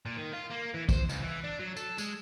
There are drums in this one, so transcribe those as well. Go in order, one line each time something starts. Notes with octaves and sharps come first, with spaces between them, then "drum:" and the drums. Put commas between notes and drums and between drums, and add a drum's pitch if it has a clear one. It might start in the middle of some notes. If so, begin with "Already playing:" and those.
A#2
D#3
F4
A#3
E3
C5, drum: kick, tambourine
C#2, drum: tambourine
E3
D4
F#3
A4, drum: tambourine
G#3, drum: tambourine